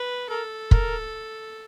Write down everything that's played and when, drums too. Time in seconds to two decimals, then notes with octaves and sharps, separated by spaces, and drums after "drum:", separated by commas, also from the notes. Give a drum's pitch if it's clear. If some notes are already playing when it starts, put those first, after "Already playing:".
Already playing: B4
0.30 A4 A#4
0.71 A#4, drum: kick